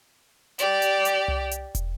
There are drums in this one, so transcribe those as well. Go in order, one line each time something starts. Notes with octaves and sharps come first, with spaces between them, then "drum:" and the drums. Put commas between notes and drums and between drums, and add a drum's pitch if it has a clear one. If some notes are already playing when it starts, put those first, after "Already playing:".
G4 D5, drum: hi-hat
drum: hi-hat
drum: hi-hat
drum: tom C2
drum: hi-hat
drum: kick, hi-hat